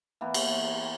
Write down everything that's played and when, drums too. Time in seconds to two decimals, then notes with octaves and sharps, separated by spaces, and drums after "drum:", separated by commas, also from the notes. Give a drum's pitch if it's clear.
0.21 E3 A#3 B3
0.34 drum: cymbal